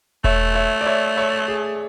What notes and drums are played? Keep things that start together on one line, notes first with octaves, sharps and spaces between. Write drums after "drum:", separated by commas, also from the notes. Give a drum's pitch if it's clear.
A3 C#5 E5, drum: kick E1
C#5 E5
D5
C#5 E5
C#5 E5
G#4